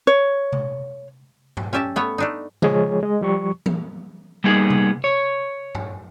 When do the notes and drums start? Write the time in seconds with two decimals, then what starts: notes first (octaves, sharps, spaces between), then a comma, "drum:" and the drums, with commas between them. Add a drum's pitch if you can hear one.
0.07 C#5
0.52 drum: tom C3
1.57 drum: tom G2
1.73 C#4 G4 E5 A5
1.96 A3 B3 C#5
2.18 A3 D4 D#4
2.62 F3 G#3 G#4 C#5, drum: tom C#3
3.03 G#3 D#5
3.21 F3 G3 C#6
3.66 drum: tom E3
4.44 G3 A#3 B3 D#4 G#4
4.70 drum: tom C3
5.04 C#5
5.75 drum: tom G2